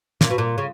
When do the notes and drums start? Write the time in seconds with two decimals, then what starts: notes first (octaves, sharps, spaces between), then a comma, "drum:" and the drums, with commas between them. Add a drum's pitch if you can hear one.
0.21 A#2, drum: snare
0.30 B2
0.38 A#2
0.58 C#3